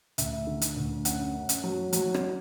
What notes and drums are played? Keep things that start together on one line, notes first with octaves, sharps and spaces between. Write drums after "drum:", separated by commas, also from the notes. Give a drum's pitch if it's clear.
D2 E5, drum: hi-hat
D3
drum: hi-hat
D2
F#2 F#5, drum: hi-hat
F#2
drum: hi-hat
F#3
F#3, drum: hi-hat
drum: rim click